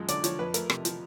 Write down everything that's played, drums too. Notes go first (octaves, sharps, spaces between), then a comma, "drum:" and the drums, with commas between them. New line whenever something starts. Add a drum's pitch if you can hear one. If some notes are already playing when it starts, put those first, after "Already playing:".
Already playing: F#2 F3 G#3
D3 D5, drum: hi-hat
F3 C#5, drum: hi-hat
F2 B4
A3 A#4, drum: hi-hat
C3, drum: rim click
F3, drum: hi-hat